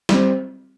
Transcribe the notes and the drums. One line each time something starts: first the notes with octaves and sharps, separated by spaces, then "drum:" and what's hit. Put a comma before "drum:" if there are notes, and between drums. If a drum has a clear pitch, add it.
G3 C4, drum: snare